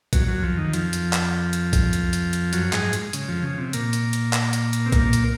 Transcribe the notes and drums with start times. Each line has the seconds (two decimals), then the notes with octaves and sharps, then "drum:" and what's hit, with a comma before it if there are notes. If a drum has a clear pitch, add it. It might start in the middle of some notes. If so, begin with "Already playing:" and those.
0.13 F#2 F#3, drum: kick, hi-hat
0.28 F#2 F#3
0.42 F2 F3
0.57 D#2 D#3
0.73 F2 F3, drum: hi-hat
0.93 drum: hi-hat
1.13 drum: clap
1.53 drum: hi-hat
1.73 drum: kick, hi-hat
1.93 drum: hi-hat
2.13 drum: hi-hat
2.33 drum: hi-hat
2.53 F#2 F#3, drum: hi-hat
2.73 G#2 G#3, drum: clap
2.93 drum: hi-hat
3.13 C#3, drum: hi-hat
3.28 F2 F3
3.43 C#3
3.58 C3
3.73 A#2 A#3, drum: hi-hat
3.93 drum: hi-hat
4.13 drum: hi-hat
4.33 drum: clap
4.53 drum: hi-hat
4.73 drum: hi-hat
4.86 C4
4.92 A#2 A#3, drum: kick, hi-hat
5.13 drum: hi-hat